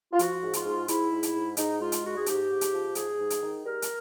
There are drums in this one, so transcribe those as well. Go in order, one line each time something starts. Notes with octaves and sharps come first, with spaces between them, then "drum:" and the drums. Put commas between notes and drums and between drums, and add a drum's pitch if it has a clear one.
F4
F3 F#4, drum: hi-hat
G#2
F4, drum: hi-hat
G#2
G#2 E4, drum: hi-hat
G#2
drum: hi-hat
G#2
G#2 D#4, drum: hi-hat
G#3 F4
drum: hi-hat
G#2 F#4
G#4
G#2 G4, drum: hi-hat
G#2
drum: hi-hat
F3
G#2 G#4, drum: hi-hat
G#2
drum: hi-hat
D#3
G3 A#4
drum: hi-hat